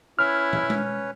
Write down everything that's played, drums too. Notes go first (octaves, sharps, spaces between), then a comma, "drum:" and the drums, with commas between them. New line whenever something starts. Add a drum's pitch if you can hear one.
C#4 E4 B4 C#5 F6
drum: tom
drum: tom G#3